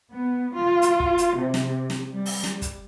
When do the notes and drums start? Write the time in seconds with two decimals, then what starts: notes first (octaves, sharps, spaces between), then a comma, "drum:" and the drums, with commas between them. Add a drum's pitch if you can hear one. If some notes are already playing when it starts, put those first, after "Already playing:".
0.12 B3
0.55 F4
0.82 drum: hi-hat
1.00 drum: kick
1.18 drum: hi-hat
1.36 C3
1.54 drum: snare
1.90 drum: snare
2.13 G3
2.26 drum: open hi-hat
2.44 drum: snare
2.62 drum: kick, hi-hat